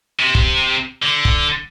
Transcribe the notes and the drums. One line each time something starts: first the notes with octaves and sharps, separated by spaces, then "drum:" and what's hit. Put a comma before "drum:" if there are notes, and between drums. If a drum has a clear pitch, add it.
C3
drum: kick
D3
drum: kick